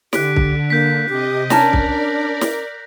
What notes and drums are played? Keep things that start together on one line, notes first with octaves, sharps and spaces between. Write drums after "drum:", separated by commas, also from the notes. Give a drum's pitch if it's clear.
D3 G4 F#6 B6 D7, drum: snare
drum: kick C2
A#3 G6 B6
C3 G4 D#5
C#4 D4 A#4 D5 A5 A#5 A#6, drum: snare
drum: kick C2
drum: snare